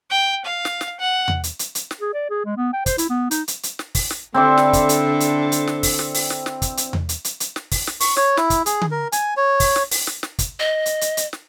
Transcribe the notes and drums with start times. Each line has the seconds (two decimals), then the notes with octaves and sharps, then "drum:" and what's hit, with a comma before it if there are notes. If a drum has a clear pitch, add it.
0.11 G5
0.45 F5
0.65 drum: snare
0.81 drum: snare
1.00 F#5
1.28 drum: tom E2
1.44 drum: hi-hat
1.59 drum: hi-hat
1.75 drum: hi-hat
1.91 drum: snare
2.01 G#4
2.13 D5
2.30 G#4
2.46 G#3
2.57 B3
2.73 G5
2.86 C5, drum: kick, hi-hat
2.98 E4, drum: hi-hat
3.10 B3
3.31 D#4, drum: hi-hat
3.48 drum: hi-hat
3.63 drum: hi-hat
3.79 drum: snare
3.95 drum: kick, open hi-hat
4.10 drum: snare
4.34 D3 C4 D4 E4 A4 D5
4.58 drum: snare
4.73 drum: kick, hi-hat
4.89 drum: hi-hat
5.20 drum: hi-hat
5.52 drum: hi-hat
5.67 drum: snare
5.83 drum: kick, open hi-hat
5.99 drum: snare
6.15 drum: open hi-hat
6.30 drum: snare
6.46 drum: snare
6.62 drum: kick, hi-hat
6.77 drum: hi-hat
6.93 drum: tom E2
7.09 drum: hi-hat
7.24 drum: hi-hat
7.40 drum: hi-hat
7.56 drum: snare
7.72 drum: kick, open hi-hat
7.87 drum: snare
8.01 C#6, drum: open hi-hat
8.17 C#5, drum: snare
8.37 E4, drum: snare
8.50 drum: kick, hi-hat
8.66 G#4, drum: hi-hat
8.82 drum: tom D3
8.91 A#4
9.12 G#5, drum: hi-hat
9.37 C#5
9.60 drum: kick, open hi-hat
9.76 drum: snare
9.91 drum: open hi-hat
10.07 drum: snare
10.23 drum: snare
10.39 drum: kick, hi-hat
10.60 D#5
10.86 drum: hi-hat
11.01 drum: hi-hat
11.17 drum: hi-hat
11.33 drum: snare